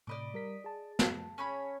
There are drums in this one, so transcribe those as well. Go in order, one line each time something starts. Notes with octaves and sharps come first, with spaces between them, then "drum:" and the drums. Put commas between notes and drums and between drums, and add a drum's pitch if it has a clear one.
A2 C3 D5 D#5 B5 D6
G3 A#4 B6
G#4 A5
drum: snare
C#4 C#5 B5